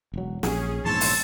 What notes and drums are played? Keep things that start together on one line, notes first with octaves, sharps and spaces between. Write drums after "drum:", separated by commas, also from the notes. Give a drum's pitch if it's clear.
E1 F#3
A#1 C#4 G#4, drum: snare
A#1 E2 G#2 C#5 A5 C6 E6
drum: open hi-hat